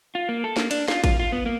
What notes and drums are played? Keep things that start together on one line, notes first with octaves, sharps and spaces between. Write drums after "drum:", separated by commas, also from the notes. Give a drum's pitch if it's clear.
F4
A#3
A4
A#3, drum: snare
D4, drum: cymbal
F4, drum: snare
F4, drum: kick, cymbal
F4
B3
A#3